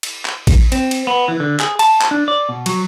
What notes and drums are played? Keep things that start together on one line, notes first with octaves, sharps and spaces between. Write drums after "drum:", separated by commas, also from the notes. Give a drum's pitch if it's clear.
drum: cymbal
drum: clap
drum: kick, cymbal
C4, drum: cymbal
drum: cymbal
B3
E3
D3
G#4, drum: clap
A5, drum: cymbal
drum: clap
D4
D5
B2
F#3, drum: cymbal